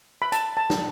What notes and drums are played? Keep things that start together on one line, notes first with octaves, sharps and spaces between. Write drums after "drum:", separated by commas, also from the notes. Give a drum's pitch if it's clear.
B5
A5, drum: hi-hat
A5
drum: snare